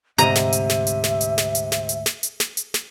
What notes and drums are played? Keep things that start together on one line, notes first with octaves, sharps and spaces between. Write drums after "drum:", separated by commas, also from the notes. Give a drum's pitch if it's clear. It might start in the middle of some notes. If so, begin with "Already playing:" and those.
D2 G#2 C3 D#5 E5 A#5 D#7, drum: hi-hat
drum: snare
drum: hi-hat
drum: snare
drum: hi-hat
drum: snare
drum: hi-hat
drum: snare
drum: hi-hat
drum: snare
drum: hi-hat
drum: snare
drum: hi-hat
drum: snare
drum: hi-hat
drum: snare